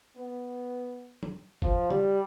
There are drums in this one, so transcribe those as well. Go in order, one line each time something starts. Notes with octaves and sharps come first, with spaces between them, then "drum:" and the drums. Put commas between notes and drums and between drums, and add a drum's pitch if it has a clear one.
B3
drum: tom
F3, drum: kick F#1
G3, drum: tom